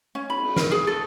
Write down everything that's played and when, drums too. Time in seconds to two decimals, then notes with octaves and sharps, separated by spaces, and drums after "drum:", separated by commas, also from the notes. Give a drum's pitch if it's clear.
0.15 C#4
0.30 B5, drum: cymbal
0.43 drum: cymbal
0.56 A#4, drum: snare
0.71 G#4
0.87 A4